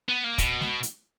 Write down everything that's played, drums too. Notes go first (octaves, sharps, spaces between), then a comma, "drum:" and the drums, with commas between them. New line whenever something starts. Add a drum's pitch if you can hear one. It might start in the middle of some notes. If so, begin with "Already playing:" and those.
B3
A#3
B2, drum: kick, hi-hat
drum: snare G#3
drum: hi-hat